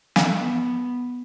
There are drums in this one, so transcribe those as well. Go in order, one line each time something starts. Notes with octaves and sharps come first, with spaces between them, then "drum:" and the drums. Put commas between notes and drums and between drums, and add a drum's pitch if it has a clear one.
drum: snare
B3